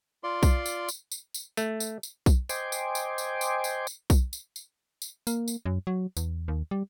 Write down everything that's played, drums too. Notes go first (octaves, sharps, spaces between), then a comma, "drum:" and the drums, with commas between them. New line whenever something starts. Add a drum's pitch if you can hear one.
F4 D5 C6
drum: kick B1, tambourine
drum: tambourine
drum: tambourine
drum: tambourine
drum: tambourine
A3, drum: tambourine
drum: tambourine
drum: tambourine
drum: kick B1, tambourine
C5 D#5 G5 G#5 C6 D6, drum: tambourine
drum: tambourine
drum: tambourine
drum: tambourine
drum: tambourine
drum: tambourine
drum: tambourine
drum: kick B1, tambourine
drum: tambourine
drum: tambourine
drum: tambourine
A#3, drum: tambourine
drum: tambourine
F#2
F#3
E2, drum: tambourine
D#2
G3